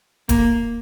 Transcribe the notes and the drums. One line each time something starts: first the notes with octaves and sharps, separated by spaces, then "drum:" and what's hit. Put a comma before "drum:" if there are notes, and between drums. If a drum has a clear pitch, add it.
A#3, drum: kick D#1, hi-hat